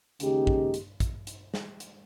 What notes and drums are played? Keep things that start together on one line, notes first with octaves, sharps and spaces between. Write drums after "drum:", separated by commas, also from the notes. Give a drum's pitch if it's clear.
D#2 C#3 G#3 D#4 G4, drum: hi-hat
drum: kick
drum: hi-hat
drum: kick, hi-hat
drum: hi-hat
drum: snare
drum: hi-hat